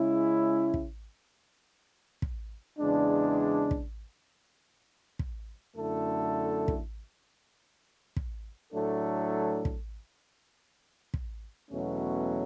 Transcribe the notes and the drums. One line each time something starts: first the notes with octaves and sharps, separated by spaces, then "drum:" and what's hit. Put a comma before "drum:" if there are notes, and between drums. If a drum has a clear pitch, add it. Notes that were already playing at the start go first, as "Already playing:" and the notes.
Already playing: C#3 G#3 C#4 E4
drum: kick
drum: kick
E2 C#3 G#3 D4
drum: kick
drum: kick
F#2 D3 A3 E4 A4
drum: kick
drum: kick
A2 F#3 A3 D4 A4
drum: kick
drum: kick
E2 B2 F#3 A3 C#4